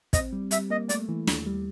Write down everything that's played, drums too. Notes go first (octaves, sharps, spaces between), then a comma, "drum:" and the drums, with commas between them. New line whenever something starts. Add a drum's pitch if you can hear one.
C4 D#5, drum: kick, hi-hat
G3
G3 E5, drum: hi-hat
A#3 D#5
A3 D5, drum: hi-hat
E3
D#2, drum: snare
G3